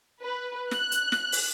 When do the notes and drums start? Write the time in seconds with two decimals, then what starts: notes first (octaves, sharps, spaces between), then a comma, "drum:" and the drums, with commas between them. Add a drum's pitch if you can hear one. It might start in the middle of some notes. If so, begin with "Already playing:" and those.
0.22 B4
0.71 F#6, drum: snare
0.92 drum: hi-hat
1.12 drum: snare
1.32 drum: open hi-hat